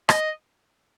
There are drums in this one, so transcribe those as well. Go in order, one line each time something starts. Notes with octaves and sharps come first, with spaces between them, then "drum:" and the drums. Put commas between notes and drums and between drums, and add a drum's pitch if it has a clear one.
D#5, drum: rim click